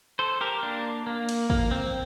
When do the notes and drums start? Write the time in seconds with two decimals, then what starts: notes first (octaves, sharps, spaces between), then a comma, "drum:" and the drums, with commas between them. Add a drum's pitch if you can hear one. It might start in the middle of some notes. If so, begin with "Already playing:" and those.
0.19 A4 C5
0.41 G4 A#4
0.63 A#3 D4
1.07 A#3
1.29 drum: cymbal
1.50 A#3, drum: kick
1.71 C4